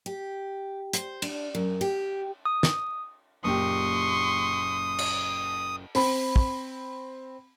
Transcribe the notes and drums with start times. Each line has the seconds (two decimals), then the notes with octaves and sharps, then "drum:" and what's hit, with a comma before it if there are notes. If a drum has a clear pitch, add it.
0.06 G4
0.93 C5, drum: hi-hat
1.22 D4, drum: cymbal
1.55 F#2
1.81 G4
2.45 D#6
2.63 drum: snare
3.44 F#1 A#2 G4 C6 C#6 D#6
4.98 drum: cymbal
5.95 C4 B5, drum: open hi-hat
6.36 drum: kick